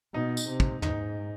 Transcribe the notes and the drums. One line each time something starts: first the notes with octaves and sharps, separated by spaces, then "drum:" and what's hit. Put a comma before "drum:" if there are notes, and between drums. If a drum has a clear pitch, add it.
B2 D#4
drum: tambourine
C3
drum: kick
G#2 D#4, drum: tom